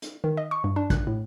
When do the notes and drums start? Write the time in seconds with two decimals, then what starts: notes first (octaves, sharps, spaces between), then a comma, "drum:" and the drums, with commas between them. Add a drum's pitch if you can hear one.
0.02 drum: hi-hat
0.24 D#3
0.37 D#5
0.51 C#6
0.64 G2
0.76 D4
0.90 F#6, drum: kick, hi-hat
1.07 A2